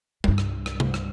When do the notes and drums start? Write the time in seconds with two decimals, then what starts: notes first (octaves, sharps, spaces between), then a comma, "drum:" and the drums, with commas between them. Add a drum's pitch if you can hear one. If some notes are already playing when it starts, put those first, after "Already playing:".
0.24 C2 G2, drum: tom
0.38 drum: rim click
0.66 drum: rim click
0.80 drum: tom C3
0.94 drum: rim click